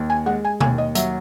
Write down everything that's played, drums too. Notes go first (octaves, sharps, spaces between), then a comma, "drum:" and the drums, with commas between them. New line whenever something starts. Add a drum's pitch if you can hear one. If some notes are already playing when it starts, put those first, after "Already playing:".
Already playing: D#2
G#5
G#3 F#5
G#5
D#2 G#5, drum: tom B2
D#5
F#3 E5, drum: hi-hat